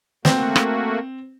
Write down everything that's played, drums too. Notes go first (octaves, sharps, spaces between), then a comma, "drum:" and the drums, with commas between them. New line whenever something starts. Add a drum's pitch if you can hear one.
A3 A#3 C4 F#4, drum: snare
drum: rim click